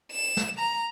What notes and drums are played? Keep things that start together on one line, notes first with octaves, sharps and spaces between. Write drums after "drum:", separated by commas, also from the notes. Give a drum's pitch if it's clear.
E7
drum: snare
A#5